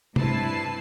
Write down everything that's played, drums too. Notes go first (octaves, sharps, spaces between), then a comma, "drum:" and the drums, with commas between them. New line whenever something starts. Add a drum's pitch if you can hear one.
G2 C3 E4 B4 A5 C7, drum: tom C3